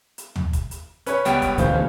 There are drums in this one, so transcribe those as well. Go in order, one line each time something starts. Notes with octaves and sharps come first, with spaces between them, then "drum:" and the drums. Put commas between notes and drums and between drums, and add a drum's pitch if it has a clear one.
drum: hi-hat
drum: tom
drum: kick, hi-hat
drum: hi-hat
C#4 B4 C#5, drum: hi-hat
C#2 G3 B3 G5, drum: hi-hat
drum: kick, hi-hat
D2 A#2 E3 C#4 C5 F5 G6, drum: hi-hat